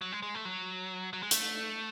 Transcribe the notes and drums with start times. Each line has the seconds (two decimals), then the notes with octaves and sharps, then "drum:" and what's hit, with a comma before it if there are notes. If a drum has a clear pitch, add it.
0.01 F#3
0.12 G#3
0.22 G#3
0.35 A3
0.45 F#3
1.13 F#3
1.23 G#3
1.31 A3, drum: hi-hat